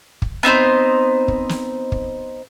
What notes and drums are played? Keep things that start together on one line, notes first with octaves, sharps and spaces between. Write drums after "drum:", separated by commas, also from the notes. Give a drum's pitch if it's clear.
drum: kick
B3 C4 D#4 C5
drum: kick
drum: snare
drum: kick